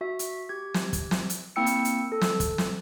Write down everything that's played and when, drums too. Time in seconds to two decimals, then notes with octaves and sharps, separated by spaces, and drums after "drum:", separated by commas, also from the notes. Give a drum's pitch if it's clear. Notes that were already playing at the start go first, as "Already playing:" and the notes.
0.01 F#4 E5
0.19 drum: hi-hat
0.49 G4 G#6
0.74 drum: snare
0.93 drum: kick, hi-hat
1.11 drum: snare
1.30 drum: hi-hat
1.56 A#3 C4 E4 G5 E6 C#7
1.66 drum: hi-hat
1.85 drum: hi-hat
2.12 A4
2.21 drum: snare
2.40 drum: kick, hi-hat
2.58 drum: snare